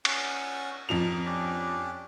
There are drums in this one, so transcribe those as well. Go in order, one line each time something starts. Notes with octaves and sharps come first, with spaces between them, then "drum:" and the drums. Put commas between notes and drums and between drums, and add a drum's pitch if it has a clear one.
C#4 F#5 C#6, drum: cymbal
F2 F3 A#4 F7
C#4 D4 G4